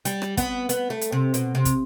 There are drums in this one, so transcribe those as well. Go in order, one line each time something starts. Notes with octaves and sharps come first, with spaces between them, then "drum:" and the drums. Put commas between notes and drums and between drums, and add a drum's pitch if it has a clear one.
G3, drum: hi-hat
drum: rim click
B3, drum: kick, hi-hat
B3, drum: hi-hat
A3
drum: hi-hat
C3
B2, drum: hi-hat
C3
drum: kick, hi-hat